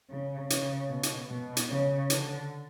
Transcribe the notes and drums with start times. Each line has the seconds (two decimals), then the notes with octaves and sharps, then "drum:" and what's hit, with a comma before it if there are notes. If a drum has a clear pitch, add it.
0.10 C#3
0.50 C#3, drum: hi-hat
0.90 B2
1.03 drum: hi-hat
1.30 B2
1.57 drum: hi-hat
1.70 C#3
2.10 D3, drum: hi-hat